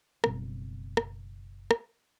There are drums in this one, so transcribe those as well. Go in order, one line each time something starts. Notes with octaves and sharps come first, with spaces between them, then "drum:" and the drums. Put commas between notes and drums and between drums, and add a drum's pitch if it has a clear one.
F#1 B2 G3 C4, drum: rim click
drum: rim click
drum: rim click